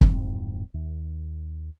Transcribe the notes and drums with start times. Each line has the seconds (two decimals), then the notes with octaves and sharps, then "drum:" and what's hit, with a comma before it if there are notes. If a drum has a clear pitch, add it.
0.01 D1 F2 G#2 C4, drum: kick
0.74 D#2